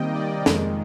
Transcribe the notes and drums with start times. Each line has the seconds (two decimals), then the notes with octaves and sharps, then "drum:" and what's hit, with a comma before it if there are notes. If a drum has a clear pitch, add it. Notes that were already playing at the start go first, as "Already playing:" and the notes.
Already playing: C3 D#3 G3 A#3 D#5 G5
0.14 D5
0.46 F2 D#3 G#3, drum: snare